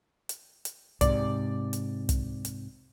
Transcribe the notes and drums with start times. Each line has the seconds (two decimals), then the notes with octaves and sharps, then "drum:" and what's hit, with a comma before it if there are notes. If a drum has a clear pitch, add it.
0.29 drum: hi-hat
0.65 drum: hi-hat
1.01 G#2 C3 D5, drum: kick, hi-hat
1.73 drum: hi-hat
2.09 drum: kick, hi-hat
2.45 drum: hi-hat